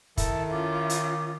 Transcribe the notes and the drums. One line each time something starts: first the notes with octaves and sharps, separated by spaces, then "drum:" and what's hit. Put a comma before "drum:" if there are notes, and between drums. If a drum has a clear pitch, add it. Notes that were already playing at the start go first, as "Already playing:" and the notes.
D#3 E4 A4 E5, drum: kick, hi-hat
C#4 F4 D6
drum: hi-hat